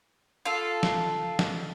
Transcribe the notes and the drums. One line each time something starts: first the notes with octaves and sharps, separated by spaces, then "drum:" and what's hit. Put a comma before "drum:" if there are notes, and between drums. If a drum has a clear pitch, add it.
F4 A4
drum: snare
drum: snare